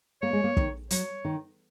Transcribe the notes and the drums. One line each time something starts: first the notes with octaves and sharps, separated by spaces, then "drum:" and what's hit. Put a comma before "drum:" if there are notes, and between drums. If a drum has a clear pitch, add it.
A#3 C#5
G#3
A#3
D#3, drum: kick
F#3 C#5, drum: hi-hat
D#3